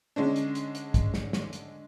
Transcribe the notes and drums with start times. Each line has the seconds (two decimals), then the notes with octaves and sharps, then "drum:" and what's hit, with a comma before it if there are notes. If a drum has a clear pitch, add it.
0.16 D3 G#3 C#4 D4
0.36 drum: hi-hat
0.55 drum: hi-hat
0.75 drum: hi-hat
0.94 drum: kick, hi-hat
1.14 drum: snare
1.33 drum: snare
1.53 drum: hi-hat